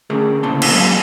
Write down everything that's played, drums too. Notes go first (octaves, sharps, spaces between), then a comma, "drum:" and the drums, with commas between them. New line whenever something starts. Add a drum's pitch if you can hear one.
D3 A3 C#4 G#4 A#4
A2 C#3 A#3 C4 A5 C6
drum: cymbal
F#3 G#3 A#3 D#5 F5